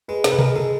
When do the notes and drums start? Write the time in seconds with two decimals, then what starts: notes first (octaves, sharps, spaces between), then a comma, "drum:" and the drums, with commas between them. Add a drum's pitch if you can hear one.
0.08 G#3 B4
0.24 C3 A#4, drum: snare
0.31 B4
0.39 G#3 A#4, drum: tom B2
0.56 G#3 A4